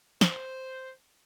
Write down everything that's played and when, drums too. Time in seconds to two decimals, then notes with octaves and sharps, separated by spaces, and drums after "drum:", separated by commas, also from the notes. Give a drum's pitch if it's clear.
0.21 C5, drum: snare